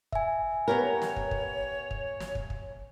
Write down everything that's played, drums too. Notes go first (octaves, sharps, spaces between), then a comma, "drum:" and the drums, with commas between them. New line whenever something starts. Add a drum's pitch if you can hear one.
E5 G#5, drum: kick
B3 G4 A#4 C#5
drum: snare
drum: kick
drum: kick
drum: kick
drum: snare
drum: kick
drum: kick